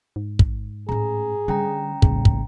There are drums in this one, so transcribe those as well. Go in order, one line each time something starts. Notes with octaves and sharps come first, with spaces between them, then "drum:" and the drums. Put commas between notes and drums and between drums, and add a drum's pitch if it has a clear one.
G#2
drum: kick
A2 C#4 G#4 A#5
D3 G3 C#4 G5 A#5
D#1 A2 C#3, drum: kick
drum: kick